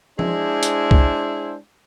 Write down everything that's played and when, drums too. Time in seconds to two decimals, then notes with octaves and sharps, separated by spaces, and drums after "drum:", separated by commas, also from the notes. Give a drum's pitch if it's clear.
0.19 G#3 D4 E4 G#4 C5, drum: tom F3
0.63 drum: hi-hat
0.91 drum: kick C2